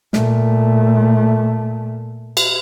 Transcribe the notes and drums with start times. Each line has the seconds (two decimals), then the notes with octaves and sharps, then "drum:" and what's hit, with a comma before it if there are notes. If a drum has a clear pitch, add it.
0.13 A#2 A3, drum: snare
2.37 drum: cymbal